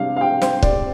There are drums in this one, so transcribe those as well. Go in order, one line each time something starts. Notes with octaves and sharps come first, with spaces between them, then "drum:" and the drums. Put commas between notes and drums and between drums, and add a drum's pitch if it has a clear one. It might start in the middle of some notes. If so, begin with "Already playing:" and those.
Already playing: C3 G3 D4 F5
F5
G5
C5, drum: snare
D5, drum: kick